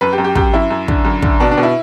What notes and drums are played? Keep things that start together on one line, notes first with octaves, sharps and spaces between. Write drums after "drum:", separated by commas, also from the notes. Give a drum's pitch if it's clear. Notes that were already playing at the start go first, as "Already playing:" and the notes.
F#2 B4
G4
F#2
G4
F#2 G4, drum: kick
F#2 E4
F#2
D3, drum: kick
F#2
D3, drum: kick
B2 D4
D4
B2
E4